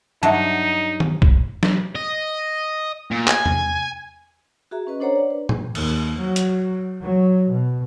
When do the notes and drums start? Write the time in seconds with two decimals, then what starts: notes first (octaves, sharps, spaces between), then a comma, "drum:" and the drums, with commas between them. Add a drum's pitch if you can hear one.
0.23 G2 F#3 D#4 E5 A5
1.00 drum: tom D#3
1.22 drum: kick
1.63 drum: snare
1.95 D#5
3.11 A#2
3.28 G#5, drum: clap
3.46 drum: tom
4.71 F#4 G#4 E5 A#5
4.87 C#4 B4 D#5
5.00 D4 A4 C5 C#5 F#5 A#5
5.16 D4 D5
5.31 B4
5.49 drum: tom A2
5.75 D#2, drum: cymbal
6.20 F#3
6.36 drum: hi-hat
7.02 F#3
7.52 B2